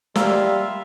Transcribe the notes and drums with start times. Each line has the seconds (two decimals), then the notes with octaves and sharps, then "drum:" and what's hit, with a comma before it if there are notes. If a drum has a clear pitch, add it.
0.15 G3 A#3 F4 D5 E5 F5 E6, drum: snare